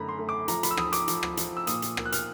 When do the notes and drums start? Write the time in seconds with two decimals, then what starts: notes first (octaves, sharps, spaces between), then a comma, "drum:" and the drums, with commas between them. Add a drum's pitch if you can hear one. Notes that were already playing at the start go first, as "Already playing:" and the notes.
Already playing: F#2 D3 A3 A#5 B5
0.09 C6
0.19 A3
0.29 D6
0.48 F3 A#5, drum: hi-hat
0.63 B5, drum: hi-hat
0.71 E6
0.77 F3 D#6, drum: rim click
0.93 D6, drum: hi-hat
1.08 F3, drum: hi-hat
1.23 drum: rim click
1.37 F3, drum: hi-hat
1.57 E6
1.67 A#2 D#6, drum: hi-hat
1.82 drum: hi-hat
1.97 A#3, drum: rim click
2.06 F#6
2.12 F6, drum: hi-hat